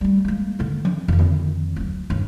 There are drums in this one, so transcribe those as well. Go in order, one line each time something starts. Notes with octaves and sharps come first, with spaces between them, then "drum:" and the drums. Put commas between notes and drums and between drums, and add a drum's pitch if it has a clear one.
G3 A3
G#3 A#3
D3 D#3
drum: tom F3
F2 D#3
drum: tom D3
D2 F#3
G1 D#2